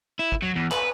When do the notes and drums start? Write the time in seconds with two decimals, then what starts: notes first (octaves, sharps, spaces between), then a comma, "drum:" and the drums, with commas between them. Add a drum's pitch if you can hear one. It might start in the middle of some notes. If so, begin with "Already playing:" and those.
0.19 E4
0.32 drum: kick
0.42 F#3
0.55 E2
0.71 B4, drum: clap